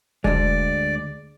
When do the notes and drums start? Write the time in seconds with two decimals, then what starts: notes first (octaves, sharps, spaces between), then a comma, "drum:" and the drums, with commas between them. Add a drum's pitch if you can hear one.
0.24 D2 G#3 D5, drum: kick E1